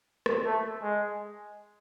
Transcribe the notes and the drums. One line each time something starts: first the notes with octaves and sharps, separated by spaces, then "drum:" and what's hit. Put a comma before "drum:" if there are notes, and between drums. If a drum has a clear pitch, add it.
drum: rim click
A3
G#3